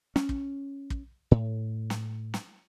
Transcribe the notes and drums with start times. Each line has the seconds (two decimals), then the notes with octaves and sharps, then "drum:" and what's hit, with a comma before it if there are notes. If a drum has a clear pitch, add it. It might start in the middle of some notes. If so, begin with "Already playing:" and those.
0.16 C#4, drum: snare
0.29 drum: kick
0.90 drum: kick
1.31 A2
1.90 drum: snare
2.34 drum: snare